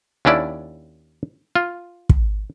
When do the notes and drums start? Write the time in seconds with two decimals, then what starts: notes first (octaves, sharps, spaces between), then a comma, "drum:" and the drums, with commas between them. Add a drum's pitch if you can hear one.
0.25 D#2 C#4 D4 E4 D5
1.55 F4
2.09 drum: kick